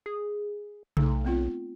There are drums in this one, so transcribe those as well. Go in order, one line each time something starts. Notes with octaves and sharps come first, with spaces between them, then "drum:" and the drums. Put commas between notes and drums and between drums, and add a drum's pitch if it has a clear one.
G#4
B1 A3 D#4 A4, drum: tom C3
B3 C4 F4